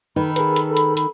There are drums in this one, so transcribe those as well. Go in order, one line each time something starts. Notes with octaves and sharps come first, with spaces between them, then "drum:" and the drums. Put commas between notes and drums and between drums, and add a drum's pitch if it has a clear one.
D#3 D#4 A4 B4 B5
G#4 A#4 B4, drum: hi-hat
drum: hi-hat
drum: hi-hat
drum: hi-hat